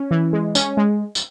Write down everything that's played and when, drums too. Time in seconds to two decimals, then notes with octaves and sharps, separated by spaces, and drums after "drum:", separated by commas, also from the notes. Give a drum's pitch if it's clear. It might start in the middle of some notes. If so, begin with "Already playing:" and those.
Already playing: C#4
0.11 E3
0.33 G#3
0.55 C#4, drum: tambourine
0.77 G#3
1.15 drum: tambourine